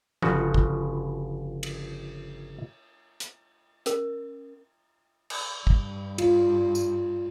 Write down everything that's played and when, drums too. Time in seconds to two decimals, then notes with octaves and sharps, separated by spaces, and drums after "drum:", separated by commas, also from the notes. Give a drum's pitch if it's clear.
0.22 G1 C#3 F3 G3 F#4, drum: tom
0.54 drum: kick
1.63 drum: cymbal
3.20 drum: hi-hat
3.86 C#4 A#4, drum: hi-hat
5.30 drum: cymbal
5.67 G2, drum: kick
6.18 F4, drum: cymbal
6.75 drum: tambourine